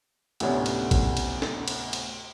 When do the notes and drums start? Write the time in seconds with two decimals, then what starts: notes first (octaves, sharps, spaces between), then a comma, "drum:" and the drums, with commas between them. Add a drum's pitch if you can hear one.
0.40 D2 A2 C3 B3 C#4 D4, drum: cymbal
0.66 drum: cymbal
0.91 drum: kick, cymbal
1.17 drum: cymbal
1.42 drum: snare
1.68 drum: cymbal
1.93 drum: cymbal